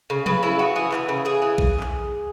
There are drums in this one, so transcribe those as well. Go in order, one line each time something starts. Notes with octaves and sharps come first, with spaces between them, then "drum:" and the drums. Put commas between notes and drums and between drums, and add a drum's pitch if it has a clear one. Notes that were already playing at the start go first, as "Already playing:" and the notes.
C#3
C#3 B4, drum: tom F3
C#3 E4
B3 F#4
E3 G#4
E3, drum: clap
C#3
C#3 G#4
E3
drum: kick A#1
drum: clap